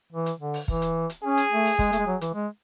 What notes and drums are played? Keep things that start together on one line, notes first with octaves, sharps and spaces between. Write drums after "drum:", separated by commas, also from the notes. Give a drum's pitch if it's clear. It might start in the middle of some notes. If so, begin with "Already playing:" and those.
E3
drum: hi-hat
D3
drum: open hi-hat
E3, drum: kick
drum: hi-hat
drum: hi-hat
C#4 G#4
drum: hi-hat
A3
drum: open hi-hat
G#3, drum: kick
A3, drum: hi-hat
G#3
F#3
E3, drum: hi-hat
G#3